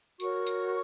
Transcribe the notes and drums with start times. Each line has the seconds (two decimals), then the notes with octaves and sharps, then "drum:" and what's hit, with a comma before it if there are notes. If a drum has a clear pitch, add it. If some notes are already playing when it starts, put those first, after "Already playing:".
0.20 F#4 A#4 C#5 C#6, drum: tambourine
0.47 drum: tambourine